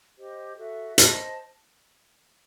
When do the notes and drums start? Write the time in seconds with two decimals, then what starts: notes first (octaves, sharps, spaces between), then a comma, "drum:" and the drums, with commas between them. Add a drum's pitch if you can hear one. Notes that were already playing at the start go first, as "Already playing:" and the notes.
0.17 G4 C5 D#5
0.58 F#4 A4 E5
0.98 C5 D#5 A5, drum: hi-hat